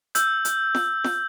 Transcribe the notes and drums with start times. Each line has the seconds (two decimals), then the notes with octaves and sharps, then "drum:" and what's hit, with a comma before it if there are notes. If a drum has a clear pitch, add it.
0.15 E6 G6, drum: hi-hat
0.45 drum: hi-hat
0.75 drum: snare
1.04 drum: snare